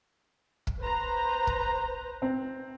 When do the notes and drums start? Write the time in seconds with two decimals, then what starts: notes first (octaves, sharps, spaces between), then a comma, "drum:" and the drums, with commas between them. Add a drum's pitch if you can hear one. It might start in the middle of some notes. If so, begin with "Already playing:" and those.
0.67 drum: kick
0.80 B4 C5 A#5
1.47 drum: kick
2.22 C4